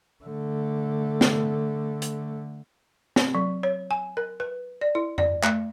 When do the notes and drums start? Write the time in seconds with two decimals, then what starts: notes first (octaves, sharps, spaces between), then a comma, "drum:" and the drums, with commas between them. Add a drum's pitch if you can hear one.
0.24 D3 A3
1.21 drum: snare
2.02 drum: hi-hat
3.16 C4, drum: snare
3.35 F#3
3.63 C#5
3.91 G#5
4.17 A#4
4.40 B4
4.81 D5
4.95 E4
5.18 D5, drum: tom F2
5.43 A3, drum: clap